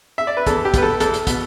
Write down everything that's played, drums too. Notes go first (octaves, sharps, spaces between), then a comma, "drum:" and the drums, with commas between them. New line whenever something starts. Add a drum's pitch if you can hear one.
E5
D5
B4
E2 A4, drum: kick, hi-hat
G4
B2 B3 B4, drum: kick, hi-hat
A4
E2 A4, drum: hi-hat
drum: hi-hat
B2 B3, drum: kick, hi-hat